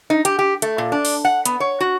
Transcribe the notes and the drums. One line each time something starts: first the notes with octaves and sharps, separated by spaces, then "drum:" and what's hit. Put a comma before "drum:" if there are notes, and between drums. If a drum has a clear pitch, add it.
D#4
G4, drum: hi-hat
G4
A3, drum: hi-hat
A#2
D4
drum: open hi-hat
F#5
B3, drum: hi-hat
C#5
F#4